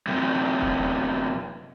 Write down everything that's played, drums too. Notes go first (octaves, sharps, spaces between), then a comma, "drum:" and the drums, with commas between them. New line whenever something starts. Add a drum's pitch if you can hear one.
F#2 C3
drum: kick E1